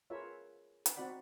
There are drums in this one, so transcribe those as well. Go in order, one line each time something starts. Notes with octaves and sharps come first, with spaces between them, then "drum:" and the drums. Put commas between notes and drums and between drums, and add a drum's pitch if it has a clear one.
F4 G#4 A#4 B4 C#5 E5
drum: hi-hat
C4 D#4 F#4 D5 F#5 B5